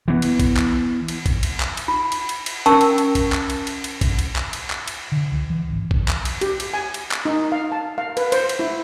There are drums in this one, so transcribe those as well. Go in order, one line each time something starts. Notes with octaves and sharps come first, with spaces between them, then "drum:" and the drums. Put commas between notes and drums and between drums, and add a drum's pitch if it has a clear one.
E3 B3
drum: cymbal
drum: kick, cymbal
drum: clap
drum: cymbal
drum: kick, cymbal
drum: cymbal
drum: clap
drum: cymbal
F4
drum: cymbal
drum: cymbal
drum: cymbal
C#4 A#4 G5 A5 C#6 E6, drum: cymbal
drum: cymbal
drum: cymbal
drum: kick, cymbal
drum: clap
drum: cymbal
drum: cymbal
drum: cymbal
drum: kick, cymbal
drum: cymbal
drum: clap
drum: cymbal
drum: clap
drum: cymbal
D3
C#2
E3
G#1
drum: kick
drum: clap
drum: cymbal
G4, drum: cymbal
drum: cymbal
G#5
drum: cymbal
drum: clap
D#4
F5
A5
F5
B4, drum: cymbal
C5, drum: cymbal
drum: cymbal
E4